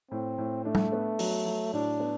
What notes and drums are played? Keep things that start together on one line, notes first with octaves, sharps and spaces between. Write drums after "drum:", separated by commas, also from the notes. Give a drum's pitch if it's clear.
A2 C4
A2
A3 D4
drum: tom G3
B3
F#3, drum: open hi-hat
F#3
A2 D4
B3